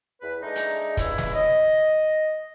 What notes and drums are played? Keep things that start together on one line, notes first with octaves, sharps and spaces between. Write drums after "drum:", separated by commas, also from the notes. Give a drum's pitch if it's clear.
E2 B4
G#3 A3 D4 D#4
drum: hi-hat
C#2 G2 E4, drum: kick, hi-hat
drum: snare
D#5